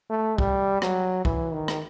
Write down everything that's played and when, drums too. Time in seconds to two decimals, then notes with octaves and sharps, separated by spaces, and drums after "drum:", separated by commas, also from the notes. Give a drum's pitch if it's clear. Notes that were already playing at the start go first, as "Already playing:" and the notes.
0.10 A3
0.38 G3, drum: kick
0.82 F#3, drum: rim click
1.25 E3, drum: kick
1.53 D#3
1.68 drum: rim click